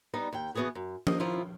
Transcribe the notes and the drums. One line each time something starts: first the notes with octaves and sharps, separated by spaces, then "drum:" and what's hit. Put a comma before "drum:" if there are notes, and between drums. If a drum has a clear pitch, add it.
G3 B3 D#4
D#2 G5
B2 E3 B3 F#4 G#4 B4
F#2
F3 A#3 D#5, drum: tom F3
D#3 F3 E4 F4